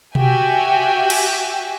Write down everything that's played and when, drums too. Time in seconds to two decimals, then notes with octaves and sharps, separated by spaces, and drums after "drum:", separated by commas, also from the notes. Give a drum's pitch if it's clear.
0.15 F#4 G4 E5 G5 G#5, drum: tom B2
1.10 drum: cymbal